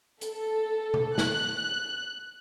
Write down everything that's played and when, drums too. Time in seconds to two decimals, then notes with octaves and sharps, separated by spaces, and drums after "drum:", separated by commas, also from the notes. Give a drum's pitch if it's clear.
0.21 A4, drum: hi-hat
0.94 drum: tom C3
1.18 F#6, drum: snare